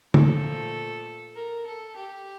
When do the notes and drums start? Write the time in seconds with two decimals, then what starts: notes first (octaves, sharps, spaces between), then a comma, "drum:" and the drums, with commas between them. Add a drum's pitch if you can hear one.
0.14 A#2 F3 A3 A4, drum: tom
1.35 A#4
1.66 A4
1.96 G4